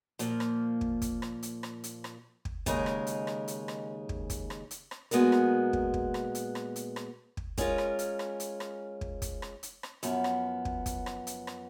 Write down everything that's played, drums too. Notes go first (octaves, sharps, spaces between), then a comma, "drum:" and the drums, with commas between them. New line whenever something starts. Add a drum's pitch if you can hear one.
A#2 F3 A#3, drum: hi-hat
drum: rim click
drum: kick
drum: kick, hi-hat
drum: rim click
drum: hi-hat
drum: rim click
drum: hi-hat
drum: rim click
drum: kick
D#2 C#3 G#3 D#4 A#4, drum: kick, hi-hat
drum: rim click
drum: hi-hat
drum: rim click
drum: hi-hat
drum: rim click
drum: kick
drum: kick, hi-hat
drum: rim click
drum: hi-hat
drum: rim click
A#2 G#3 B3 F#4 A#4, drum: hi-hat
drum: rim click
drum: kick
drum: kick
drum: rim click
drum: hi-hat
drum: rim click
drum: hi-hat
drum: rim click
drum: kick
G#3 C#4 F4 A#4, drum: kick, hi-hat
drum: rim click
drum: hi-hat
drum: rim click
drum: hi-hat
drum: rim click
drum: kick
drum: kick, hi-hat
drum: rim click
drum: hi-hat
drum: rim click
F#2 F3 B3, drum: hi-hat
drum: rim click
drum: kick
drum: kick, hi-hat
drum: rim click
drum: hi-hat
drum: rim click